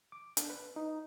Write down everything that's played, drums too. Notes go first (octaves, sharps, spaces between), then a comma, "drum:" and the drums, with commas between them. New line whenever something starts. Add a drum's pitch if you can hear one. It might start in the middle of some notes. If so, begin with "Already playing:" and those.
D6
D4, drum: hi-hat
B4
D#4